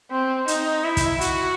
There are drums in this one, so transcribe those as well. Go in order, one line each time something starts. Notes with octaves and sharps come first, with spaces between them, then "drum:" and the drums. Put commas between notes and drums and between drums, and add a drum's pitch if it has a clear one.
C4
D#4, drum: hi-hat
E4
drum: kick, hi-hat
F#4, drum: hi-hat